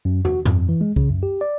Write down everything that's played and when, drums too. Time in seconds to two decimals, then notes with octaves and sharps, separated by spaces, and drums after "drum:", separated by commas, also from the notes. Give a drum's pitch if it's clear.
0.05 F#2
0.25 F#4, drum: tom
0.45 F2, drum: tom G2
0.69 E3
0.81 G#3
0.96 C#3, drum: kick C2
1.10 F#2
1.23 G4
1.41 D5